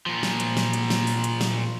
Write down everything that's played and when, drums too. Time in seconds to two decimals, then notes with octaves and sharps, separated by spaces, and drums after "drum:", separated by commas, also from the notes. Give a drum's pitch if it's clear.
0.06 A#2 F3
0.23 drum: snare
0.40 drum: hi-hat
0.57 drum: snare
0.73 drum: hi-hat
0.90 drum: snare
1.07 drum: open hi-hat
1.24 drum: hi-hat
1.41 drum: snare